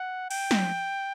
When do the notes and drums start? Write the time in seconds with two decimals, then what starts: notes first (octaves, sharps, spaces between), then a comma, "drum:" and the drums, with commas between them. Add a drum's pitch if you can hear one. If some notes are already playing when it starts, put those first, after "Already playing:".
Already playing: F#5
0.31 G5, drum: cymbal
0.51 drum: snare